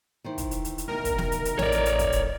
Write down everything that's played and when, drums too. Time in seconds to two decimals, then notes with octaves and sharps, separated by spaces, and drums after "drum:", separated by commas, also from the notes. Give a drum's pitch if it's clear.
0.24 D#3 E3 C5
0.38 drum: kick, hi-hat
0.51 drum: hi-hat
0.65 drum: hi-hat
0.78 drum: hi-hat
0.88 D2 B2 D#3 A#4
1.05 drum: kick, hi-hat
1.18 drum: snare
1.32 drum: hi-hat
1.45 drum: hi-hat
1.59 A1 F2 A2 C#5 D5, drum: snare
1.72 drum: hi-hat
1.86 drum: hi-hat
1.99 drum: kick, hi-hat
2.12 drum: hi-hat